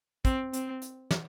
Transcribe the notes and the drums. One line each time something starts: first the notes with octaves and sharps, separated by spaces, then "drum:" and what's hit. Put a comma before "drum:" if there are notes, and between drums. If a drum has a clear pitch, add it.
C4, drum: kick, hi-hat
C4, drum: hi-hat
drum: hi-hat
drum: snare